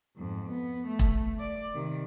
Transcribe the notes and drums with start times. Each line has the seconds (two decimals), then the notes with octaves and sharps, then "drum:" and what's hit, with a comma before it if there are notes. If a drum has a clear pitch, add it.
0.16 F2 G#2
0.49 B3
0.87 A3
0.99 drum: kick E1
1.40 D5
1.74 C3 D#3